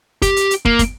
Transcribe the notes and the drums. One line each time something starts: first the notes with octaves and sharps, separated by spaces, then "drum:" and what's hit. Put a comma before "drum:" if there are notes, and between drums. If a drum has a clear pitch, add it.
G4, drum: kick, hi-hat
drum: hi-hat
drum: hi-hat
A#3, drum: kick
drum: kick, hi-hat